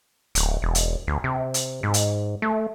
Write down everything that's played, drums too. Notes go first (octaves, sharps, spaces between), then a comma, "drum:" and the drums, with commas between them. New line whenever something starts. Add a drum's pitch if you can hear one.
D1, drum: hi-hat
E1
drum: hi-hat
D2
C3
drum: hi-hat
G#2
drum: hi-hat
A3